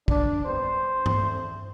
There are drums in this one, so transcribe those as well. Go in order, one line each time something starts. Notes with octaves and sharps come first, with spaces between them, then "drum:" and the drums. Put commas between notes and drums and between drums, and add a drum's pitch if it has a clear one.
D4, drum: kick
C3 G3 B3 C5
drum: tom G2
D3 A3 C4